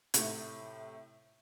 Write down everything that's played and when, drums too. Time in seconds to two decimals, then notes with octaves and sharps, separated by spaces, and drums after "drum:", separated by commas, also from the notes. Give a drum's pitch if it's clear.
0.14 A2 C3, drum: hi-hat